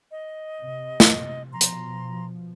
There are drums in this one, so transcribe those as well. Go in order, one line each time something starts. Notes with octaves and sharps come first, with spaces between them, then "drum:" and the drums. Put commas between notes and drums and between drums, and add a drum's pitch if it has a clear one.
D#5
C3
drum: snare
B2 F3 A#5 C6
drum: hi-hat